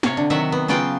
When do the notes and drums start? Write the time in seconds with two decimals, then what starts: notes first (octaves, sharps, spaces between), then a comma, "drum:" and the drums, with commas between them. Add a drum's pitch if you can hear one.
0.03 C3 C#5 F5, drum: snare
0.17 D3
0.30 C3 D#3 F#3 E5 F#5
0.52 B3
0.68 C#3 F#3 B3 F4 G5